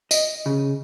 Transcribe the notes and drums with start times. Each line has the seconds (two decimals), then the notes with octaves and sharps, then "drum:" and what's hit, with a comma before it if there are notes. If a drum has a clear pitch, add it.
0.11 D#5, drum: tambourine
0.46 C#3